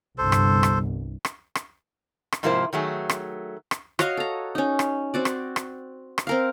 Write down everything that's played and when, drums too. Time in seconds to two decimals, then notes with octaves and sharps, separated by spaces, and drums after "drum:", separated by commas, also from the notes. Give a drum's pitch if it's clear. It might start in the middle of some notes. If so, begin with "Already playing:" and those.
0.18 G1 C2 A4 C5
0.32 drum: rim click
0.63 drum: rim click
1.25 drum: rim click
1.55 drum: rim click
2.32 drum: rim click
2.43 G#2 C3 F3 A#3 E4 C5
2.73 D#3 F#3 A3 G#4
3.09 drum: rim click
3.71 drum: rim click
3.99 F#4 C#5 D#5 F5, drum: rim click
4.17 A4 A#5
4.55 C#4 D#4
4.79 drum: rim click
5.14 C4 F#4 D5
5.25 drum: rim click
5.56 drum: rim click
6.18 drum: rim click
6.27 C4 A#4 F5